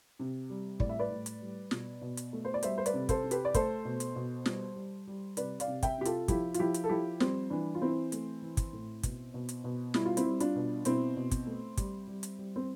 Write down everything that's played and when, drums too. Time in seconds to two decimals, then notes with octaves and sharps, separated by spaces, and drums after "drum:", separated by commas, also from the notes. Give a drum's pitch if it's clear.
0.19 C3
0.50 G3
0.80 A2 D5, drum: kick
0.89 E5
0.99 B4 D5
1.10 A2
1.26 drum: hi-hat
1.42 G3
1.71 B2, drum: snare
2.01 B2
2.17 drum: hi-hat
2.33 A3
2.45 C5
2.54 D5
2.63 G3 C5 E5, drum: hi-hat
2.78 C5
2.86 B4 D5, drum: hi-hat
2.94 C3
3.09 A4 C5, drum: kick, hi-hat
3.24 C3
3.31 G4 B4, drum: hi-hat
3.45 D5
3.54 A3 A4 C5, drum: kick, hi-hat
3.85 B2
4.00 drum: hi-hat
4.16 B2
4.46 G3, drum: snare
4.76 G3
5.07 G3
5.37 C3 B4 D5, drum: hi-hat
5.60 D5 F5, drum: hi-hat
5.68 C3
5.83 E5 G5, drum: kick, hi-hat
5.98 C3 G4
6.05 F4 A4, drum: hi-hat
6.28 F3 E4 G4, drum: kick, hi-hat
6.54 F4, drum: hi-hat
6.59 F3 E4 G4
6.74 drum: hi-hat
6.84 A4
6.89 F3 E4 G4
7.20 G3 C4, drum: snare
7.50 E3 D4
7.75 F4
7.81 E3 C4 E4
8.12 A3, drum: hi-hat
8.42 E3
8.57 drum: kick, hi-hat
8.73 A2
9.03 B2, drum: kick, hi-hat
9.34 B2
9.49 drum: hi-hat
9.64 B2
9.94 G3 E4, drum: snare
10.05 F4
10.17 C4 E4, drum: hi-hat
10.25 G3
10.40 D4 F4, drum: hi-hat
10.55 B2
10.85 B2 C4 E4, drum: hi-hat
11.16 B2
11.31 drum: kick, hi-hat
11.47 A3
11.77 G3, drum: kick, hi-hat
12.07 G3
12.23 drum: hi-hat
12.39 G3
12.56 C4